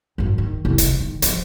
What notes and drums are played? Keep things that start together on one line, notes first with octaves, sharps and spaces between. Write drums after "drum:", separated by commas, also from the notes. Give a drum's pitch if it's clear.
G#1 F#2
D#3
F1 C2
D2, drum: hi-hat
D#3
C#2 F3, drum: hi-hat